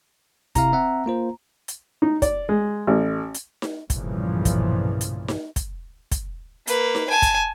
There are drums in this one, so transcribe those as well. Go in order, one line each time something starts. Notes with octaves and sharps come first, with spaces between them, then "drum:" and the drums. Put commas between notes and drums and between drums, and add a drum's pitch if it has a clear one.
C3 E4 F5 A#5, drum: kick, hi-hat
C4 E5 F#5
A#3 F4 C5
drum: hi-hat
D#4
D5, drum: kick, hi-hat
G#3
A1
drum: hi-hat
drum: snare D#4
B1 G2 A#2 C#3 E3 F3, drum: kick, hi-hat
drum: kick, hi-hat
drum: hi-hat
drum: snare D#4
drum: kick, hi-hat
drum: kick, hi-hat
A#3 B4, drum: hi-hat
drum: snare D#4
G#5 A5
drum: kick, hi-hat